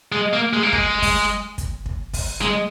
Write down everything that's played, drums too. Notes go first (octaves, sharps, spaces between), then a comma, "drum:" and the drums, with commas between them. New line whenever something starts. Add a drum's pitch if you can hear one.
G#3
A#3
G#3
A#3
G#3, drum: kick
drum: kick, open hi-hat
drum: kick, hi-hat
drum: kick
drum: kick, open hi-hat
G#3